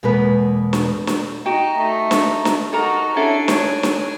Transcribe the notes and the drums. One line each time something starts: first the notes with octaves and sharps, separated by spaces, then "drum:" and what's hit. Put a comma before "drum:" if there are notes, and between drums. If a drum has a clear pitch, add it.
E2 B2 G#3 A#3 B4
drum: snare
drum: snare
D#4 F#4 G5
A3 D#4
drum: snare
drum: snare
D#4 F#4 A4 A#4 A#5
C#4 D4 E4 A4 G#5
D#4 C#5, drum: snare
drum: snare